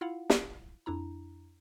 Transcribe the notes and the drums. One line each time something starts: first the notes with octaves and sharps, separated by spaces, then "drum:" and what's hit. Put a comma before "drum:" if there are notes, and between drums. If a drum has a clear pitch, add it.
E4 F4 F5 F#5
drum: snare
F2 D4 E4 A#5